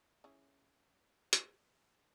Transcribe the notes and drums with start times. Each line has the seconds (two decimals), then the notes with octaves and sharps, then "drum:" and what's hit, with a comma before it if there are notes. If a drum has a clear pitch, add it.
0.24 C#4 E4 G#4
1.33 drum: hi-hat